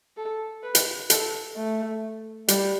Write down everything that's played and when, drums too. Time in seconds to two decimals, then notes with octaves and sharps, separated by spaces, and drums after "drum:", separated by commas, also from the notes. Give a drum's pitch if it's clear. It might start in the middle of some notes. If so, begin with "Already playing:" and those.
0.17 A4
0.63 B4
0.75 drum: hi-hat
1.10 A4, drum: hi-hat
1.56 A3
2.48 G3, drum: hi-hat